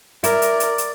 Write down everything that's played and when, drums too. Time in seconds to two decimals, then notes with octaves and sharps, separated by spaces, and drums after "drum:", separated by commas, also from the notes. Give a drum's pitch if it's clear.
0.24 E4 A#4 D5, drum: hi-hat
0.42 drum: hi-hat
0.60 drum: hi-hat
0.78 drum: hi-hat